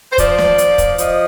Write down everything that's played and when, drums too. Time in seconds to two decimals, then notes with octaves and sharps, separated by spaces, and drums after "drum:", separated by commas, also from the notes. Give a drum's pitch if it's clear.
0.12 C5
0.18 F3 D5, drum: kick, hi-hat
0.38 drum: snare
0.58 F3, drum: hi-hat
0.78 drum: kick, hi-hat
0.98 F3 D#5, drum: hi-hat